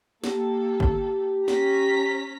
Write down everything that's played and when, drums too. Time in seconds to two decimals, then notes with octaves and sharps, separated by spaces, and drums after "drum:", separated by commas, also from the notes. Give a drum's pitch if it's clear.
0.24 A#3 G4 A4, drum: snare
0.80 drum: kick
1.48 C#4 A#5 B6, drum: snare